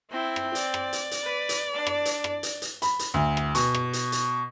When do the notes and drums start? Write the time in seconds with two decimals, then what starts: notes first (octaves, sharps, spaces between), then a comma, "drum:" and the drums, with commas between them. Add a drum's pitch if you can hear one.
0.11 C4 E4
0.36 drum: rim click
0.55 D5, drum: hi-hat
0.74 drum: rim click
0.93 drum: hi-hat
1.11 drum: hi-hat
1.23 B4
1.49 drum: hi-hat
1.73 D4
1.87 drum: rim click
2.05 drum: hi-hat
2.24 drum: rim click
2.43 drum: hi-hat
2.62 drum: hi-hat
2.82 B5, drum: hi-hat
2.99 drum: hi-hat
3.14 D2
3.37 drum: rim click
3.55 B2, drum: hi-hat
3.75 drum: rim click
3.93 drum: hi-hat
4.12 drum: hi-hat